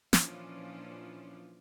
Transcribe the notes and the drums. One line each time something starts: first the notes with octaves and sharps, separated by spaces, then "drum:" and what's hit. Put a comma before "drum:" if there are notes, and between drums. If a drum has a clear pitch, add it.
A#2 E3 F3 C#4 D4 F4, drum: snare